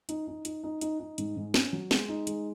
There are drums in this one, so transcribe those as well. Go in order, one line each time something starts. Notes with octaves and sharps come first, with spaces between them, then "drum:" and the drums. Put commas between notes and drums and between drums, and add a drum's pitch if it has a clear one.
D#4, drum: hi-hat
D#4
D#4, drum: hi-hat
D#4
D#4, drum: hi-hat
D#4
G#2, drum: hi-hat
G#2
C#4, drum: snare
F#3
G#3, drum: snare
D#4
G#3, drum: hi-hat